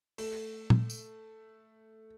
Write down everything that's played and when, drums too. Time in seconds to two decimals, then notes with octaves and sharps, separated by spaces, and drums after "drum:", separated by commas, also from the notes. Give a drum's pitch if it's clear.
0.18 A3, drum: open hi-hat
0.70 drum: tom A#2
0.90 drum: tambourine